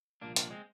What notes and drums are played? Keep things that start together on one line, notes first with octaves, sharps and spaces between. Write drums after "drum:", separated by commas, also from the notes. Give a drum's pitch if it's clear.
C2 A#2 F3 A#3 D4
A#3 D4, drum: hi-hat
G#3 C4